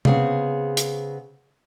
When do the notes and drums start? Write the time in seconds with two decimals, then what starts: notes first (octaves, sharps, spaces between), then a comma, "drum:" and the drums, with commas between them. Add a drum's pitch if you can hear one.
0.05 C#3 B3 C4 G#4 F#5, drum: tom C3
0.77 drum: hi-hat